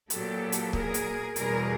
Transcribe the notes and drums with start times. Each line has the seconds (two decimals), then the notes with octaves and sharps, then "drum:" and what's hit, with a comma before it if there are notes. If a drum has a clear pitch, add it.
0.10 A#2 F#3 B3 G4 A4, drum: hi-hat
0.52 drum: hi-hat
0.73 G#4 A#4, drum: kick C#1
0.94 drum: hi-hat
1.36 E2 B2 G3 G#4 A#4, drum: hi-hat